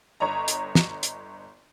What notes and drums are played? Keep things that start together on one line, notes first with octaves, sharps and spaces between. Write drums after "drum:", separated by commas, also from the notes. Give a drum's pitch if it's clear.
G1 C#5 D#5 A#5
drum: hi-hat
drum: snare
drum: hi-hat